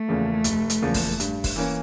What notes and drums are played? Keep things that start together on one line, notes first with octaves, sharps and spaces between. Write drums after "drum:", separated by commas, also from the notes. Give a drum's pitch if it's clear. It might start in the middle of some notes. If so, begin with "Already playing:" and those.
Already playing: A3
E2 C#3 F3 A#3
F1, drum: hi-hat
drum: hi-hat
E2 C#3 F3 A#3
drum: kick, open hi-hat
G2, drum: hi-hat
drum: kick, open hi-hat
E3 A#3 C#4